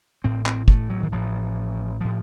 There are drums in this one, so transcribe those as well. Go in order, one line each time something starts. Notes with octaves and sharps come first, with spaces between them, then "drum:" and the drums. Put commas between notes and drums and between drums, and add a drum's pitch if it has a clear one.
A1 A2 C4
C4, drum: clap
A3, drum: kick
F#3
D#3
A1 A2 F3
A2 F3